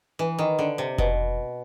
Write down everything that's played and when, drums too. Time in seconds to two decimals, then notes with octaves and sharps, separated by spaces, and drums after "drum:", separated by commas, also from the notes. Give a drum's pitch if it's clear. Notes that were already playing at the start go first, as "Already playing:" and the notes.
0.19 E3
0.39 D#3
0.59 D3
0.78 C3
0.98 B2, drum: kick F1